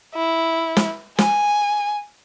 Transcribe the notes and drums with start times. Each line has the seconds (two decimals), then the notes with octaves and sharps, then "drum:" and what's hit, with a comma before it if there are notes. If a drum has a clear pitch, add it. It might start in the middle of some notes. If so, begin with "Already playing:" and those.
0.15 E4
0.77 drum: snare
1.18 G#5, drum: snare